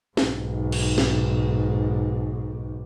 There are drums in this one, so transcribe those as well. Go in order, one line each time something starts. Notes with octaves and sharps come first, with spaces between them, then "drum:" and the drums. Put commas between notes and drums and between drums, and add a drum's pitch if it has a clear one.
B1 G#2, drum: snare
drum: cymbal
drum: snare